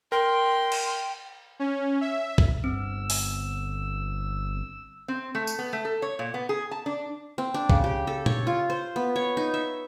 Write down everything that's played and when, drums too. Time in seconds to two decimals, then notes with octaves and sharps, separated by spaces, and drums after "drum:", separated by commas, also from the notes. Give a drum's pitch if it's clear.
0.12 A#4 G5 C6
0.72 drum: cymbal
1.59 C#4
2.01 E5
2.38 drum: kick
2.64 G1 C4 E6
3.10 drum: open hi-hat
5.08 C4
5.35 A3
5.47 drum: tambourine
5.59 B3
5.73 A3
5.85 A4
6.02 C#5
6.19 A#2
6.34 B3
6.49 G#4
6.71 A5
6.86 D4
7.38 C4
7.54 D4
7.70 C#3, drum: kick
7.84 G4
8.07 A4
8.26 C#5, drum: tom A#2
8.47 F4
8.70 C5
8.96 B3
9.16 C#5
9.37 D#4
9.54 E5